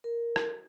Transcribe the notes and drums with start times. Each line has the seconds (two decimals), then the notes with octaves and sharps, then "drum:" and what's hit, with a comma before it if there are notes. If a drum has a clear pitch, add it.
0.04 A#4
0.36 drum: rim click